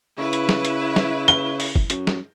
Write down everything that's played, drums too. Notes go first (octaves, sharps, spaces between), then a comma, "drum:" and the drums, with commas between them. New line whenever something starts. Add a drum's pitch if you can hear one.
C#3 E4 B4
drum: hi-hat
drum: snare
drum: hi-hat
drum: snare
G7, drum: hi-hat
drum: open hi-hat
drum: kick
F#2, drum: hi-hat
drum: snare